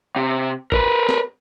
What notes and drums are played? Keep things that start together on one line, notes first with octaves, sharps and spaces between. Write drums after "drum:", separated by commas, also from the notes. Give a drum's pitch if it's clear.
C3
A#4 B4, drum: kick
drum: snare